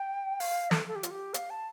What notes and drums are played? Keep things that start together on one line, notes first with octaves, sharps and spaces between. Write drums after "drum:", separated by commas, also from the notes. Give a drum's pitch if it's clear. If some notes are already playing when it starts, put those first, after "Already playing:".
Already playing: G5
F5, drum: open hi-hat
A4, drum: snare
A4
G4
F4, drum: hi-hat
G4
F5, drum: hi-hat
A5